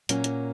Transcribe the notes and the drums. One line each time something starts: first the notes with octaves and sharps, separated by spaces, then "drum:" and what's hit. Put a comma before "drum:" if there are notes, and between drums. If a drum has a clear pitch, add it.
A#2 F#3 A#3 C#4, drum: hi-hat
drum: hi-hat